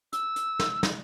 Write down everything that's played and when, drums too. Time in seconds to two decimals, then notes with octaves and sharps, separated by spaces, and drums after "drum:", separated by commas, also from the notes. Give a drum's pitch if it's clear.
0.13 E6, drum: hi-hat
0.36 drum: hi-hat
0.60 drum: snare
0.83 drum: snare